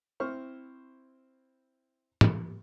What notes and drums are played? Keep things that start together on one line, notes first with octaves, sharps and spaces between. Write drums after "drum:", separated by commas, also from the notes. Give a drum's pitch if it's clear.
C4 E4 C5 C#6 F6
drum: tom